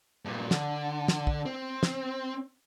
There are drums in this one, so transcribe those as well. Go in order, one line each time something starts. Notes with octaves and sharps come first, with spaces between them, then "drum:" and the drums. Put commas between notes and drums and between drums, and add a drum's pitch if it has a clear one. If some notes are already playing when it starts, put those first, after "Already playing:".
G2 A#2
D3, drum: snare
drum: snare
drum: kick
C4
drum: snare